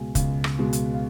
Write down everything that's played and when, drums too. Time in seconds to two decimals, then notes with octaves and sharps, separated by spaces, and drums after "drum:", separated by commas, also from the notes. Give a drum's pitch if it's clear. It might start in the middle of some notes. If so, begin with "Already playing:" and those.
Already playing: C#2 B2 G#3 G#5
0.15 C#2, drum: kick, hi-hat
0.44 drum: rim click
0.59 B2 G#3
0.73 drum: hi-hat
0.94 F5